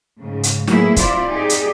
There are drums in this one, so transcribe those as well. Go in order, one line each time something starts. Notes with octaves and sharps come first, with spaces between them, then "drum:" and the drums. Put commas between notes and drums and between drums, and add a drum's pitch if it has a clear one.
G#2 C#3
drum: hi-hat
A2 F#3 A#3 B3 E4 G#4, drum: snare
G2 C4 E4 F4 C5 D5, drum: kick, hi-hat
D#4 G4 G#4 D5
drum: hi-hat